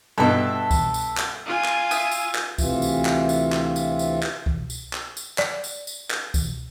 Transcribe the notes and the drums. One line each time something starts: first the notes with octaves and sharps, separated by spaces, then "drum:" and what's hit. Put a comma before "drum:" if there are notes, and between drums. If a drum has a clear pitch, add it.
G2 B2 A4 E5
drum: kick C2, tambourine
drum: tambourine
drum: clap
F4 G#5
drum: clap
E5 D#6, drum: tambourine
drum: tambourine
drum: clap
D2 C3 E3 F4 E5, drum: kick C2, tambourine
drum: tambourine
drum: clap
drum: tambourine
drum: clap
drum: tambourine
drum: tambourine
drum: clap
drum: kick C2
drum: tambourine
drum: clap
drum: tambourine
D5, drum: clap
drum: tambourine
drum: tambourine
drum: clap
drum: kick C2, tambourine